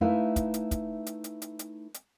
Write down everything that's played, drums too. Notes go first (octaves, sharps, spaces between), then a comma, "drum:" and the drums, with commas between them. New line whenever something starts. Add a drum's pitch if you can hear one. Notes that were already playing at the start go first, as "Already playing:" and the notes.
A3 D#4 E4 B4 E5 F5
drum: kick, hi-hat
drum: hi-hat
drum: kick, hi-hat
drum: hi-hat
drum: hi-hat
drum: hi-hat
drum: hi-hat
drum: hi-hat